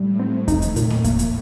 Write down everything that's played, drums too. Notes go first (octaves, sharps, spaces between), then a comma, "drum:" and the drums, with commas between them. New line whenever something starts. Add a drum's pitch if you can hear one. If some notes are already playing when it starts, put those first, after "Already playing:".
Already playing: A2 G3
C4
D#4, drum: kick E2, hi-hat
drum: hi-hat
A#2, drum: hi-hat
drum: snare A#3
A#3, drum: kick E2, hi-hat
drum: hi-hat